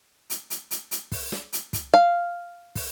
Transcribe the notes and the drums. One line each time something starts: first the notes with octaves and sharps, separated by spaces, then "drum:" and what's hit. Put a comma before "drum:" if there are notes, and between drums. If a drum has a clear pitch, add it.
drum: hi-hat
drum: hi-hat
drum: hi-hat
drum: hi-hat
drum: kick, open hi-hat
drum: snare
drum: hi-hat
drum: kick, hi-hat
F5
drum: kick, open hi-hat